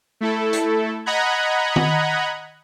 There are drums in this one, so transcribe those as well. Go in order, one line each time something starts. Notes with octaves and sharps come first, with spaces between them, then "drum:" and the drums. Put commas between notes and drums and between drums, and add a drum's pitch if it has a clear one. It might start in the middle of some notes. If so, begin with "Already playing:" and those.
A3 E4 A4
drum: hi-hat
D#5 F#5 A#5 B5 F#6 G#6
drum: tom D#3